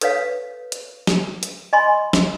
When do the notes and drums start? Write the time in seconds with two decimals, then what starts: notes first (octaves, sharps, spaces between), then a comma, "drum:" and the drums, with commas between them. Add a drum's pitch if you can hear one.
0.01 A4 B4 C#5 F5, drum: hi-hat
0.72 drum: hi-hat
1.07 drum: snare
1.43 drum: hi-hat
1.73 D#5 G#5 B5 C6
2.13 drum: snare